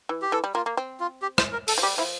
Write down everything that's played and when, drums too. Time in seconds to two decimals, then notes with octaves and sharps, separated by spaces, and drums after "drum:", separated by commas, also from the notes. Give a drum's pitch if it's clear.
0.09 E3
0.22 G4
0.32 E3 A4
0.44 G3
0.55 A#3 F4
0.66 A#3
0.77 C4
1.00 F4
1.22 G4
1.38 C5, drum: rim click
1.53 A#4
1.68 A4, drum: open hi-hat
1.78 F3
1.82 G3 G4
1.98 F3 E4